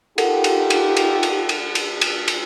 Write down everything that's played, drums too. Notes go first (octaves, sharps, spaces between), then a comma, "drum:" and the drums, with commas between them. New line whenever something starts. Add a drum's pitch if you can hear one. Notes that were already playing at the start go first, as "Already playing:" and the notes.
D#4 F4 G4 A4 A#4 F#5, drum: cymbal
drum: cymbal
drum: cymbal
drum: cymbal
drum: cymbal
drum: cymbal
drum: cymbal
drum: cymbal
drum: cymbal